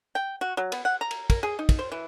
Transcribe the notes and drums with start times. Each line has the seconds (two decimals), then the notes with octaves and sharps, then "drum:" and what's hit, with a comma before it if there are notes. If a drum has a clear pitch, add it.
0.15 G5
0.41 F#4
0.57 F#3
0.72 B3, drum: cymbal
0.85 F#5
1.01 A#5
1.11 drum: cymbal
1.30 A#4, drum: kick, cymbal
1.43 G#4
1.59 D#4
1.69 drum: kick, cymbal
1.79 C5
1.92 E3